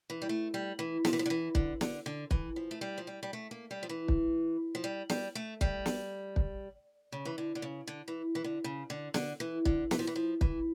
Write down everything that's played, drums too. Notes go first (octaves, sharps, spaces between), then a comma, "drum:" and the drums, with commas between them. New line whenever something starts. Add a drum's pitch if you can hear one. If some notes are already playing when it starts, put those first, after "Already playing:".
E3
G3
A3
G3
E3
F3, drum: snare
E3
F3
D3
E3
D3, drum: kick
D3, drum: snare
D3
E3, drum: kick
F3
A3
G3
F3
G3
G3
A3
A#3
G3
F3
E3
drum: kick
F3
G3
G3, drum: snare
A3
G3, drum: kick
drum: snare
drum: kick
C#3
E3
D3
D3
C#3
D3
E3
E3
D3
C#3
D3
D3, drum: snare
E3
D3, drum: kick
E3, drum: snare
F3
E3
F3
E3, drum: kick